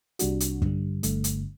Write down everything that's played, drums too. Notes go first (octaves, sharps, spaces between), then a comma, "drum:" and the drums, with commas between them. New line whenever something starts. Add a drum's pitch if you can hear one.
C2 C3 G3 D4 F#4, drum: hi-hat
drum: hi-hat
G2 D3 G3, drum: kick
G1 G2 D3 A3, drum: hi-hat
drum: hi-hat